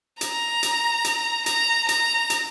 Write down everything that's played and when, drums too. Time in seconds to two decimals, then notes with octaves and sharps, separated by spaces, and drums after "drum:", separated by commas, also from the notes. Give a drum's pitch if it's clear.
0.21 A#5, drum: hi-hat
0.63 drum: hi-hat
1.04 drum: hi-hat
1.46 A#5, drum: hi-hat
1.89 A#5, drum: hi-hat
2.30 drum: hi-hat